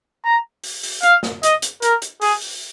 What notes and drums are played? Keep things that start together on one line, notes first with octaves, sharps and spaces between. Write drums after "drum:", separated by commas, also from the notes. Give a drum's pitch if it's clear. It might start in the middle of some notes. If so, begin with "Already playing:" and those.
A#5
drum: open hi-hat
drum: open hi-hat
F5, drum: hi-hat
drum: snare
D#5, drum: hi-hat
drum: hi-hat
A#4, drum: hi-hat
drum: hi-hat
G#4, drum: open hi-hat
drum: open hi-hat